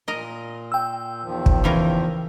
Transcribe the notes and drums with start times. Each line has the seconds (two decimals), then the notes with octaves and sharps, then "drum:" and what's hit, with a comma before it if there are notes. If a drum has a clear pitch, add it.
0.08 A#2 A#4 D#5
0.72 G5 E6
1.23 E2 D#3 F3
1.46 drum: kick
1.64 C#3 E3 A#4